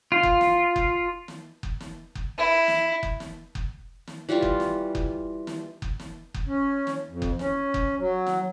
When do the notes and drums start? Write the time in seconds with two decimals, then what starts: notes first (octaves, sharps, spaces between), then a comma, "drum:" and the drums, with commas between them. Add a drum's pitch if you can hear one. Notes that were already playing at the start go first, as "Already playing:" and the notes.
0.12 F4
0.23 drum: kick F#1
0.41 drum: snare
0.76 drum: kick F#1
1.28 drum: snare
1.63 drum: kick F#1
1.80 drum: snare
2.15 drum: kick F#1
2.38 E4
2.68 drum: snare
3.03 drum: kick F#1
3.20 drum: snare
3.55 drum: kick F#1
4.07 drum: snare
4.29 E3 G3 F4 C#6
4.42 drum: kick F#1
4.60 drum: snare
4.95 drum: kick F#1
5.47 drum: snare
5.82 drum: kick F#1
6.00 drum: snare
6.34 drum: kick F#1
6.47 C#4
6.87 drum: snare
7.09 F2
7.22 drum: kick F#1
7.39 C#4, drum: snare
7.74 drum: kick F#1
7.99 F#3
8.26 drum: snare